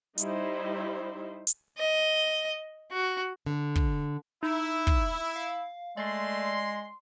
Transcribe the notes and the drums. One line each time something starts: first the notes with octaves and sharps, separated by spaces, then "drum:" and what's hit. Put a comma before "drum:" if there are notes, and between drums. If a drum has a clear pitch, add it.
G3 D#4 E4 C5, drum: hi-hat
drum: hi-hat
D#5
F#4
D3
drum: kick
D#4 E4 E5
drum: kick
F5
G#3 A3 D5 C6